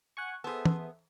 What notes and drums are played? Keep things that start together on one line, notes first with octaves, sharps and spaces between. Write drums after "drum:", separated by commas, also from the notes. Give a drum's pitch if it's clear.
F#5 G#5 C#6
B3 G#4 A4 C5 E5
drum: tom